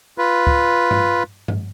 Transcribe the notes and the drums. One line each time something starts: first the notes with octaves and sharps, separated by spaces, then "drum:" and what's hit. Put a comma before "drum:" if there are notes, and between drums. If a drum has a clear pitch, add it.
F4 B4
drum: kick C#2
drum: tom G2
drum: tom G2